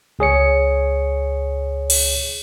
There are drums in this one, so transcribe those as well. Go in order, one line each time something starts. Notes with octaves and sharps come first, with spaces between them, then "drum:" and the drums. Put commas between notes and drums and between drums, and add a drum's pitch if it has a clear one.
C#2 G#4 C#5 C#7
drum: cymbal